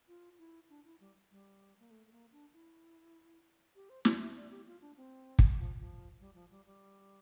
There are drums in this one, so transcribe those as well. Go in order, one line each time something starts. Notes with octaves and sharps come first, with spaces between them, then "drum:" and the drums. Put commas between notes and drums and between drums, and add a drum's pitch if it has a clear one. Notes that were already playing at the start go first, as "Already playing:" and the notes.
F4
E4
D4
E4
G3
G3
A#3
A3
A3
A#3
D4
E4
G4
C5
D5, drum: snare
E5
D5
G4
F4
D4
C4
drum: kick
F3
F3
G3
F3
G3
G3